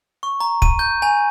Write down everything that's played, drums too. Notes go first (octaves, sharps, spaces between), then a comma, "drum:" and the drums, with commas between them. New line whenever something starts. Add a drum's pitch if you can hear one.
C#6
A#5
D#7, drum: kick
G6
G#5